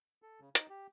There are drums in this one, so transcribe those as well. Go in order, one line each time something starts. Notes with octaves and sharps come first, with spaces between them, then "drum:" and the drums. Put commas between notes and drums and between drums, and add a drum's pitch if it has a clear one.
A4
C#3
D#4, drum: hi-hat
G4